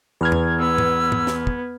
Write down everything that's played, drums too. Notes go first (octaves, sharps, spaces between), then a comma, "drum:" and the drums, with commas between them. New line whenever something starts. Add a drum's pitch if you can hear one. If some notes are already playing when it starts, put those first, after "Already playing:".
E2 B4 F6 G#6
drum: tom E2
B3 E6
drum: tom
drum: tom
drum: snare
drum: kick